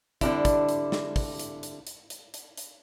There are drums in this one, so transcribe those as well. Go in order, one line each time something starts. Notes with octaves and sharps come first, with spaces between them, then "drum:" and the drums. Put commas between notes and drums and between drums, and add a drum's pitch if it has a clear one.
D3 G3 C4 D4 E4, drum: kick, hi-hat
drum: kick, hi-hat
drum: hi-hat
drum: snare
drum: kick, open hi-hat
drum: hi-hat
drum: hi-hat
drum: hi-hat
drum: hi-hat
drum: hi-hat
drum: hi-hat